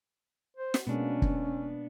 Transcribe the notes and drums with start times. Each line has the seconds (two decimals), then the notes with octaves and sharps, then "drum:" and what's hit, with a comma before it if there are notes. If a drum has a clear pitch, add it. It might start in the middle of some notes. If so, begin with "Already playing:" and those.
0.57 C5
0.74 drum: snare
0.87 B2 G#3 A#3 B3 C#4 D4
1.22 drum: kick